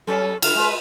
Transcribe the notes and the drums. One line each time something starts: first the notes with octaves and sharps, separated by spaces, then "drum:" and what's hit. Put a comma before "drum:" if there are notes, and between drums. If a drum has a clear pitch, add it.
F#3 B3 C#4 A4
D3 A4 F6, drum: cymbal
G#3 B4